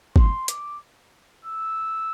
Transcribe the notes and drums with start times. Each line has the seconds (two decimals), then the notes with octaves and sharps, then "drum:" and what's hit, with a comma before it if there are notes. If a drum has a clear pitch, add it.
0.16 C6, drum: kick
0.48 D6, drum: hi-hat
1.45 E6